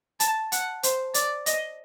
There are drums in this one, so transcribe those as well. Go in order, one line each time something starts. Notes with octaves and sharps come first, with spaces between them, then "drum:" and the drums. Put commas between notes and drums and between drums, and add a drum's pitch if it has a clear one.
A5, drum: hi-hat
F#5, drum: hi-hat
C5, drum: hi-hat
D5, drum: hi-hat
D#5, drum: hi-hat